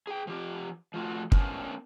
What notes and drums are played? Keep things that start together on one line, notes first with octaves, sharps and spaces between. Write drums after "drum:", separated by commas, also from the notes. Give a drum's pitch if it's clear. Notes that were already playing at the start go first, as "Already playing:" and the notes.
G#4 G5
F3 G4
F3 A3 F4 F#4
B3 C#4 D4 A#4 C5, drum: kick